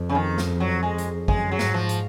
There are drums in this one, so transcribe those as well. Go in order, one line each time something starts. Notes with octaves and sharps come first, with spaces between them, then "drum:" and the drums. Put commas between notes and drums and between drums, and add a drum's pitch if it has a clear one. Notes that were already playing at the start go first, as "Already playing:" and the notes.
Already playing: F2
C#3
D#3
drum: snare
F#3
G#3
drum: hi-hat
F#2 G#3, drum: kick
F#3
G#2, drum: snare
F3
drum: hi-hat